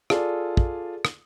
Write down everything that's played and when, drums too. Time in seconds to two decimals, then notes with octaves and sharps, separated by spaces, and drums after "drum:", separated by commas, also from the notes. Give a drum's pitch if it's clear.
0.10 F4 G#4 A4 D5, drum: rim click
0.57 drum: kick
1.05 drum: rim click